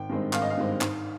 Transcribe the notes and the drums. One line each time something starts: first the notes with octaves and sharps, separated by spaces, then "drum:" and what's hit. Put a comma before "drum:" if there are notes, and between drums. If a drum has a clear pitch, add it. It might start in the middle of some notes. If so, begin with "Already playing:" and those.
Already playing: G#1 G5
G2 D#3 G#3 C4
G#1 F5, drum: clap
D#5
F5
G2 D#3 G#3 C4
G#2, drum: clap